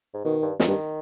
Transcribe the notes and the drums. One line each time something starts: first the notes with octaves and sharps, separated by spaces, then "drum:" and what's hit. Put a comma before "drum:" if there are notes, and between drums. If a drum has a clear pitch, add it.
G#2
B2 D#3
G2
F2 D#3, drum: snare
G2